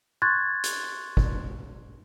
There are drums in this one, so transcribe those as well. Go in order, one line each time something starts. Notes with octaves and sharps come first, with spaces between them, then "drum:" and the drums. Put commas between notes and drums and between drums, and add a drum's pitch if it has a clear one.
C6 C#6 F#6 G#6 A6
drum: hi-hat
drum: kick